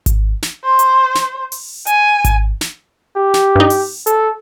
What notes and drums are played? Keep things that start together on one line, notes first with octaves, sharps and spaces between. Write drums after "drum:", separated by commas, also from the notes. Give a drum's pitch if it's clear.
drum: kick G#1, hi-hat
drum: snare
C5
drum: hi-hat
drum: snare
drum: open hi-hat
G#5, drum: hi-hat
drum: kick G#1, hi-hat
drum: snare
G4
drum: snare
G2 D#4
drum: open hi-hat
A4, drum: hi-hat